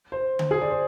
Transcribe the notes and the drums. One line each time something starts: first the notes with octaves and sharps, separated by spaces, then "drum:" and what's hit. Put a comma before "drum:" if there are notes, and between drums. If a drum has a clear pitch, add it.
C5
drum: tom D3
G#4
D5
C5